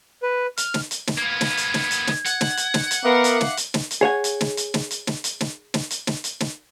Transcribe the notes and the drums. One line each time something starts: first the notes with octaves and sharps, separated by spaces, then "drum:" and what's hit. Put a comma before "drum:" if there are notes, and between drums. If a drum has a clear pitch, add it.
B4
F6, drum: hi-hat
drum: snare
drum: hi-hat
drum: snare
A#3 B3 G#6
drum: snare
drum: hi-hat
drum: snare
drum: hi-hat
drum: snare
F#5, drum: hi-hat
drum: snare
drum: hi-hat
drum: snare
drum: hi-hat
B3 A#4 E5 F5 D6
drum: hi-hat
drum: snare
drum: hi-hat
drum: snare
drum: hi-hat
G#4 C#5 F#5 G#5
drum: hi-hat
drum: snare
drum: hi-hat
drum: snare
drum: hi-hat
drum: snare
drum: hi-hat
drum: snare
drum: snare
drum: hi-hat
drum: snare
drum: hi-hat
drum: snare